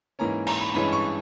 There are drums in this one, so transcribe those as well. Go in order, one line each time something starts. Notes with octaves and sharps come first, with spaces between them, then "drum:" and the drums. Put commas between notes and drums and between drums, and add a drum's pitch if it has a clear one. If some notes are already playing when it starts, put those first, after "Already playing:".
G#2 E3 A#3 C#4 A#5
A#5, drum: cymbal
B5
G2 E3 G#3 C#4 B5
C#6